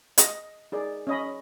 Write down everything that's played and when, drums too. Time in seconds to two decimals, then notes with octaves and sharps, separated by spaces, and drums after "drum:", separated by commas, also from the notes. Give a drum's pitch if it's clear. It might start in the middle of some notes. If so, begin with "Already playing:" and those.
0.18 D#5, drum: hi-hat
0.72 D#4 G#4 D5
1.07 C#4 D#5 B5